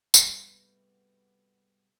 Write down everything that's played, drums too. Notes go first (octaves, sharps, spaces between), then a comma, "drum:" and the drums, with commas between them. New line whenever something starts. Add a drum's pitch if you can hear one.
G#2 C3 G3 A3 B3 F#4, drum: tambourine